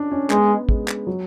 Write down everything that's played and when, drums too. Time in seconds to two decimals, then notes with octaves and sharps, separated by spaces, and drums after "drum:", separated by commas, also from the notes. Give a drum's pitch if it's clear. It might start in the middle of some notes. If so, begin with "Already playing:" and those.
Already playing: C#4 D4
0.11 C#4
0.30 G#3 B3, drum: clap
0.69 G#3, drum: kick
0.88 drum: clap
1.07 F#3